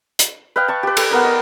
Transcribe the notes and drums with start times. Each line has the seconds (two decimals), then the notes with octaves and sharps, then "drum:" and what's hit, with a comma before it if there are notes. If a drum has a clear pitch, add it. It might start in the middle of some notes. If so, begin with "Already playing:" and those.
0.19 drum: hi-hat
0.56 B4 D#5 F5 G5
0.68 A5 C#6
0.83 G4 B4
0.97 A4, drum: cymbal
1.11 B3 A#4 D#6
1.24 D#5